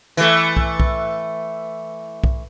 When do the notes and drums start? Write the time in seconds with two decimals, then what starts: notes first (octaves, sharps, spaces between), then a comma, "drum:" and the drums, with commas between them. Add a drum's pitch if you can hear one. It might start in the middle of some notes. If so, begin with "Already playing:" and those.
0.17 E3 A3, drum: hi-hat
0.57 drum: kick B1
0.80 drum: kick B1
2.24 drum: kick B1